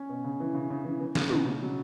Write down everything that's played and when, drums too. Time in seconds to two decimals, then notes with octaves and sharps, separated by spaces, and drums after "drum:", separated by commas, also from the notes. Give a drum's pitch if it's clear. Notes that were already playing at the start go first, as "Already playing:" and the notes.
Already playing: C#4
0.09 B2
0.24 C#3
0.40 E3
0.54 C#3
0.70 C#3
0.85 E3
1.00 E3
1.15 C#3, drum: snare
1.30 B2, drum: tom
1.45 C#3
1.61 F#3